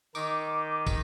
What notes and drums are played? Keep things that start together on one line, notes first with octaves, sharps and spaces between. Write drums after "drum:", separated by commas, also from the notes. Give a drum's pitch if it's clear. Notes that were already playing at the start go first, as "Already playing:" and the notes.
D#3 D#4 D6, drum: tambourine
drum: kick, tambourine